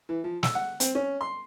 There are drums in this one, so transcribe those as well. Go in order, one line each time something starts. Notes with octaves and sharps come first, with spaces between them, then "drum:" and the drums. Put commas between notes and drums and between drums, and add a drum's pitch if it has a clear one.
E3
F3
E6, drum: snare
F#5
C4, drum: hi-hat
C#4
C6